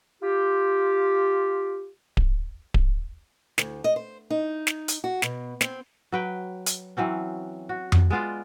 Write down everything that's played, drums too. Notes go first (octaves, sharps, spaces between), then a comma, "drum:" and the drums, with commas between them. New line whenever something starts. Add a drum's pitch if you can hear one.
F4 G4
drum: kick D1
drum: kick D1
D2, drum: snare
D#5
C5
D#4
drum: snare
drum: hi-hat
F#4
B2, drum: snare
C4, drum: snare
F#3 B4 G5
drum: hi-hat
E3 F#3 C4 C#4
F#4
drum: tom F2
G#3 B3 F4 D5